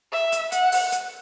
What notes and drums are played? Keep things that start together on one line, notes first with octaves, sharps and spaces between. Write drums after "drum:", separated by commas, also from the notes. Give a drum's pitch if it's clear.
E5
drum: hi-hat
F#5, drum: hi-hat
drum: open hi-hat
drum: hi-hat